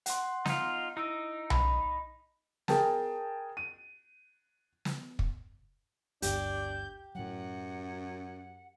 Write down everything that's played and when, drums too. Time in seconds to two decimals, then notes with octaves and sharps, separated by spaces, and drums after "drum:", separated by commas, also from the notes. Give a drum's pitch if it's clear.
0.06 F#5 C6, drum: hi-hat
0.46 D#4 F4, drum: snare
0.97 D#4 E4 E6 D7
1.50 B5, drum: tom B1
2.68 G#4 A#4 G5 A5, drum: snare
3.57 D#7
4.85 drum: snare
5.19 drum: kick
6.22 G1 D2 G2 D4 G4 G6, drum: hi-hat
7.15 F#2 A2 F#3 F#5